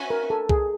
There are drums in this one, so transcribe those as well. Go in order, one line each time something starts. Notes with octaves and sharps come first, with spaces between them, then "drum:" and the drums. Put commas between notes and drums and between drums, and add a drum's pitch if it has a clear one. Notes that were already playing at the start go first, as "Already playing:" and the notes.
Already playing: C#4 F#4 B4 E5 G#5
A#4
A4
G#4, drum: kick C2